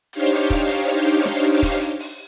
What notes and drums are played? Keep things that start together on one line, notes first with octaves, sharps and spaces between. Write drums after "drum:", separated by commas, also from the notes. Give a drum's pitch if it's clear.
D4 D#4 G4 C5 C#5 F5, drum: hi-hat
drum: kick, hi-hat
drum: hi-hat
drum: hi-hat
drum: hi-hat
drum: snare
drum: hi-hat
drum: kick, open hi-hat
drum: hi-hat
drum: open hi-hat